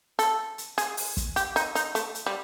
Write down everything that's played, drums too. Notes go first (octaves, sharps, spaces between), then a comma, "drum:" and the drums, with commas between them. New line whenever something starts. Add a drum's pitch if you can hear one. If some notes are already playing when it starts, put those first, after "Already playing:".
A4, drum: hi-hat
drum: hi-hat
G#4, drum: hi-hat
drum: open hi-hat
drum: kick, hi-hat
G4, drum: hi-hat
D#4, drum: hi-hat
D#4, drum: hi-hat
A3, drum: hi-hat
drum: hi-hat
G3